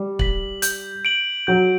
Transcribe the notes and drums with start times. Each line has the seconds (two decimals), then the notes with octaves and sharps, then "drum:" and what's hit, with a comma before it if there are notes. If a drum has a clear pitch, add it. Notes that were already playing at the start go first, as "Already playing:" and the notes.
Already playing: G3
0.19 B6 F#7, drum: kick
0.62 G6, drum: hi-hat
1.05 D7 F#7
1.47 F#3 G6